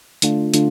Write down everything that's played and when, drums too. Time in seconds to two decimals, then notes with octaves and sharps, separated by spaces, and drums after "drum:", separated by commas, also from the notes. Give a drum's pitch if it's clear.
0.22 D3 A3 D4 F4, drum: hi-hat
0.54 D3 A3 D4 F4, drum: hi-hat